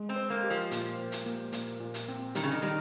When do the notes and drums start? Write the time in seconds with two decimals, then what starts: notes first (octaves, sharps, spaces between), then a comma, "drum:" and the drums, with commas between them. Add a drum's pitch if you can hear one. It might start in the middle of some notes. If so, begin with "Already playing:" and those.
Already playing: G#3
0.09 C4
0.16 C5
0.30 A#3
0.43 G4
0.50 F3
0.71 A#2, drum: hi-hat
0.99 A#2
1.12 drum: hi-hat
1.26 A#3
1.52 A#2, drum: hi-hat
1.80 A#2
1.94 drum: hi-hat
2.08 C4
2.35 D#3 G3, drum: hi-hat
2.43 C#3
2.52 D#3
2.62 D#3 G3